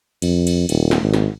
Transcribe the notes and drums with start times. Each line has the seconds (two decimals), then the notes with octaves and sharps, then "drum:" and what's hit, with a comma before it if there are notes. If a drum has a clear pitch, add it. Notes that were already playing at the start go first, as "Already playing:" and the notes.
0.22 F2, drum: cymbal
0.47 drum: cymbal
0.69 D#1, drum: cymbal
0.91 drum: snare
1.02 G#1
1.14 drum: snare